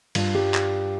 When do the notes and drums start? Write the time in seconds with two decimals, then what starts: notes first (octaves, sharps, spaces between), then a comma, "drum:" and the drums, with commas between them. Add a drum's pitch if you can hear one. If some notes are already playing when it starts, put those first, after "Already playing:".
0.15 G2 F4, drum: cymbal
0.34 G3 G4
0.54 drum: clap